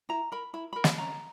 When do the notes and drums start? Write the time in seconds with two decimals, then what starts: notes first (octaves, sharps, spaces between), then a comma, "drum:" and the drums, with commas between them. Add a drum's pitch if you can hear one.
0.09 E4 A#5
0.32 A#4 B5
0.53 E4 B5
0.73 A#4 B5
0.84 drum: snare
0.98 C#4 A#5